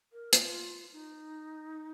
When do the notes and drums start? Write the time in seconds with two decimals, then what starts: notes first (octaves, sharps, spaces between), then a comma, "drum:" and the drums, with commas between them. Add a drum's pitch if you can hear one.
0.13 A#4
0.33 F4, drum: hi-hat
0.93 D#4